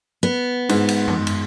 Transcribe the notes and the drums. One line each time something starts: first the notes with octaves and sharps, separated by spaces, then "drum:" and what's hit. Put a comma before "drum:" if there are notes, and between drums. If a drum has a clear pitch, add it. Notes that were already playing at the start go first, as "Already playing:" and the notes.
B3
G#2, drum: cymbal
drum: cymbal
drum: tom
drum: cymbal